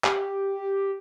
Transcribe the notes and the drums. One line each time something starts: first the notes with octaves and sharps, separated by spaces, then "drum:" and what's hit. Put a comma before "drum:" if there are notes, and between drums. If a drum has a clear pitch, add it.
G4, drum: clap